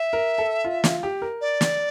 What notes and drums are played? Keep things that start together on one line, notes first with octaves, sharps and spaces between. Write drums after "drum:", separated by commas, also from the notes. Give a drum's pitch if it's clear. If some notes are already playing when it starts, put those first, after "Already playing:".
Already playing: E5
A#4
A4
F4
F4, drum: snare
G4
A#4
D5
drum: snare